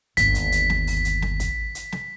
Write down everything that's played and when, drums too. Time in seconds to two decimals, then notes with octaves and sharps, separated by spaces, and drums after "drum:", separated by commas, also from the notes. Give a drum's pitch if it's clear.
0.17 G1 D#2 B6, drum: kick, hi-hat
0.35 drum: hi-hat
0.52 drum: hi-hat
0.70 drum: snare
0.87 drum: open hi-hat
1.05 drum: hi-hat
1.22 drum: snare
1.40 drum: kick, hi-hat
1.75 drum: hi-hat
1.92 drum: snare